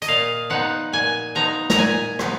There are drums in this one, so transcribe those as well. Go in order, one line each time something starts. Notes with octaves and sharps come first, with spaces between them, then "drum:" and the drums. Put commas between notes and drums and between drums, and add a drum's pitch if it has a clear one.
D#5, drum: hi-hat
A#2 F5
F3 B3 D#4 F#5
A#2 G#5
F3 B3 D#4 A#5
A#5, drum: snare
A#2 G#5
F3 B3 D#4, drum: rim click